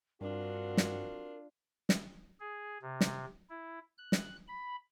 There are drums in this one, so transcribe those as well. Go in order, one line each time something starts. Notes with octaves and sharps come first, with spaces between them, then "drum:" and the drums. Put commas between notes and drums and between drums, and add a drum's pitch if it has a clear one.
G2 C4 D4 F4 F#4 A#4
drum: snare
drum: snare
G#4
C3
drum: snare
E4
F#6
drum: snare
B5